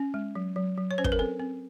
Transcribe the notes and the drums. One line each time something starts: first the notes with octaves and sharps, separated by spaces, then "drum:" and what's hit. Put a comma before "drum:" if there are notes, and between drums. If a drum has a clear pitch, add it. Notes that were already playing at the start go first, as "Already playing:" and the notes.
Already playing: C#4
G#3
F#3
F#3
F#3
C#5
C#4 C5
B4, drum: kick
A#4
C4 A4
C4